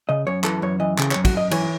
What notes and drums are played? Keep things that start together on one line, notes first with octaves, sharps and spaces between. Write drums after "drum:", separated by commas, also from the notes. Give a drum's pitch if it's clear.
C#3 D#5
F#2 C#5
E3 A4, drum: clap
F#2 C#5
E3 D#5
C#3, drum: clap
C#5, drum: clap
F#2
F#4, drum: kick, cymbal
F#2 D#5
E3 C#5, drum: cymbal